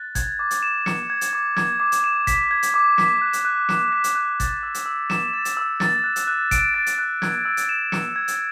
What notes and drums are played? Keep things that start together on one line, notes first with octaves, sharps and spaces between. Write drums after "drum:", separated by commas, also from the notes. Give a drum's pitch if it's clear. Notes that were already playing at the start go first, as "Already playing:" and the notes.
Already playing: F#6 A6
G#6, drum: kick G#1, hi-hat
D6
drum: hi-hat
E7
C#7, drum: snare
G#6
drum: hi-hat
D6
G#6, drum: snare
D6
drum: hi-hat
E7
B6, drum: kick G#1, hi-hat
G#6
drum: hi-hat
D6
B6, drum: snare
F#6
drum: hi-hat
F#6
E7, drum: snare
B6
drum: hi-hat
F#6
A6, drum: kick G#1, hi-hat
E6
drum: hi-hat
E6
E7, drum: snare
A6
drum: hi-hat
E6
A6, drum: snare
F#6
drum: hi-hat
F#6
D7, drum: kick G#1, hi-hat
A6
drum: hi-hat
F#6
G#6, drum: snare
E6
drum: hi-hat
E7
C#7, drum: snare
G#6
drum: hi-hat